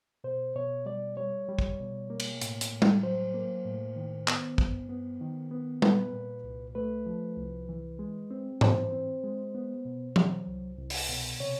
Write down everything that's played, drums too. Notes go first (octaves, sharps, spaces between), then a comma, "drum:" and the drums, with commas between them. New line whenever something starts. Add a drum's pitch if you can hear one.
B2 C5
B2 C#5
G3 D5
G3 C#5
G3
drum: kick
B2
A#3
drum: cymbal
A2, drum: hi-hat
drum: hi-hat
A2
drum: tom G3
F#3 C5
A#3
A2
D#3
B3, drum: clap
G2, drum: kick
B3
D#3
B3
A#2 B4, drum: tom G3
A#2
C2
A3 B4
F3
C2
E3
G#3
C4
E3 C5, drum: tom G#2
C4
G#3
B3
B2
F#3, drum: tom E3
C2
C2
drum: open hi-hat
B2
C3 C#5